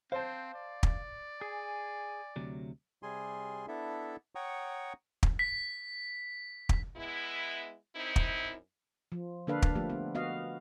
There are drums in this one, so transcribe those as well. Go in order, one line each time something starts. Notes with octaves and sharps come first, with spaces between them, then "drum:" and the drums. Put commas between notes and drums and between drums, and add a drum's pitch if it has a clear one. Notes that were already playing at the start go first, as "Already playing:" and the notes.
C4 C5 F5 A5
D5
drum: kick
G#4 G#5
D2 C3 F#3
C3 G3 G#4 G#5 C6
B3 D4 E4 A4 E5
C#5 F#5 G5 A#5 C#6 D#6
drum: kick
B6
drum: kick
G#3 B3 E4
F#2 C4 D#4 E4
drum: kick
F3
D3 A#3 D4 A4 B4 F5
drum: kick
F3 A3 A#3 G4
B3
B3 F#4 D#5 F5